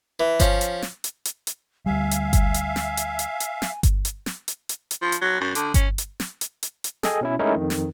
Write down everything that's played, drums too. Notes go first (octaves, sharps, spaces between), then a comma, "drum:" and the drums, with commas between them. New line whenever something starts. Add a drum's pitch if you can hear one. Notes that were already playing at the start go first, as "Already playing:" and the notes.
E3
F3 C#4, drum: kick G1, hi-hat
drum: hi-hat
drum: snare
drum: hi-hat
drum: hi-hat
drum: hi-hat
D2 G3 E5 F5 G#5
drum: hi-hat
drum: kick G1, hi-hat
drum: hi-hat
drum: snare
drum: hi-hat
drum: hi-hat
drum: hi-hat
drum: snare
drum: kick G1, hi-hat
drum: hi-hat
drum: snare
drum: hi-hat
drum: hi-hat
drum: hi-hat
F3
drum: hi-hat
F#3
F#2
D3, drum: hi-hat
C#4, drum: kick G1, hi-hat
drum: hi-hat
drum: snare
drum: hi-hat
drum: hi-hat
drum: hi-hat
G#4 A4 D#5 G5 G#5, drum: snare
B2 C#4 E4
G#3 A3 C#4 D#4 E4 A#4
F2 D#3
drum: snare